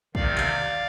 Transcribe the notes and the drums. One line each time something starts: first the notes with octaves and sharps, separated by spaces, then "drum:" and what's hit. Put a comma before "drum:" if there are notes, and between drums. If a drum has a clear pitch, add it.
C3 D#3 D5 F5, drum: kick
drum: clap